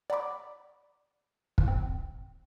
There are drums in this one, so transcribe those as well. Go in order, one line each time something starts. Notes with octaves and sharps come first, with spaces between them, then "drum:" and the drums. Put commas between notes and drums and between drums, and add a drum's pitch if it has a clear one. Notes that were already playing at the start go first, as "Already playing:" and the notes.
D5 F#5 A#5 B5 D6
drum: kick
C4